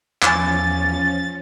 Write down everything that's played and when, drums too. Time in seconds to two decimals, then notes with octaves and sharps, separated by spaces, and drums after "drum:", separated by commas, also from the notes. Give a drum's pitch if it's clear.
0.22 E2 F3 C#4 G#5 D6 A6, drum: clap